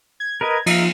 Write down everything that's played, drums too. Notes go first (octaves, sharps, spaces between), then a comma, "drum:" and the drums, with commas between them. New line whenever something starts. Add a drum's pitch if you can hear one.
G#6
A#4 B4 D#5
F3 D#4 E5 F5, drum: cymbal